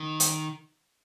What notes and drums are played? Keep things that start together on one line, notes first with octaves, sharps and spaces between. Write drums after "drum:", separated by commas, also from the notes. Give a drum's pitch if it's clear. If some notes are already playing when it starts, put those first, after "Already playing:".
Already playing: D#3
drum: hi-hat